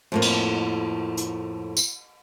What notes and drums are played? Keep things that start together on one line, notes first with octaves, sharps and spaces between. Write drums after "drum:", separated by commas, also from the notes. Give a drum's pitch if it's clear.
F2 A2 A#3
drum: cymbal
drum: hi-hat
drum: tambourine